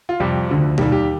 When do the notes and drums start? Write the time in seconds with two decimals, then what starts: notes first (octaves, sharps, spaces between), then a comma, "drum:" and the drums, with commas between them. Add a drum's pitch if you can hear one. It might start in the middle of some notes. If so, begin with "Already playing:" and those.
0.09 F4
0.20 F2 C3 G3 G4
0.49 D2 D3 F3
0.78 D#2 D#3 G3 G4, drum: tom B2
0.92 G4